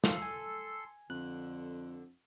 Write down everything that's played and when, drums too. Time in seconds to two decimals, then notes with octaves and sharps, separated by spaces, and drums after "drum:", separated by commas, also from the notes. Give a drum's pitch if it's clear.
0.04 D#3 F3 F4 A4 C6, drum: snare
0.22 G#5
1.10 F2 D3 F#6